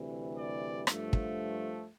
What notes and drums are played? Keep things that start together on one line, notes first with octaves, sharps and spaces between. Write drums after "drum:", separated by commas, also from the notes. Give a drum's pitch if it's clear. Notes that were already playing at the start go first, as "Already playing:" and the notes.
Already playing: D2 C3 E3 G3
D5
G2 F3 A3, drum: rim click
drum: kick